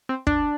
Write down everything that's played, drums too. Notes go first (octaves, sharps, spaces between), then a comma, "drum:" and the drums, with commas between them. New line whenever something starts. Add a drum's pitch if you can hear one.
C4
D4, drum: kick